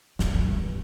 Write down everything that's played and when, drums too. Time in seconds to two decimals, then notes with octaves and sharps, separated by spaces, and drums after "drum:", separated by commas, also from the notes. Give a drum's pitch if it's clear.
0.19 F#2, drum: snare
0.34 F#2
0.48 G2